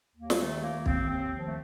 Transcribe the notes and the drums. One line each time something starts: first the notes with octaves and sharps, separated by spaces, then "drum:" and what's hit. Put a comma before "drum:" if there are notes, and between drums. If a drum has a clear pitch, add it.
D#2 A#3
G3, drum: snare
D#3 A3
D#3 A#3
D#2 C4, drum: kick
D#2 C4
D#3 F3
A3